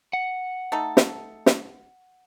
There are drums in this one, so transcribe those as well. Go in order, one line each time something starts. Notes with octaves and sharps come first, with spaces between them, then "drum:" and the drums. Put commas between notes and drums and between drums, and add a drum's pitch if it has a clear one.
F#5
A3 D#4 A4
drum: snare
drum: snare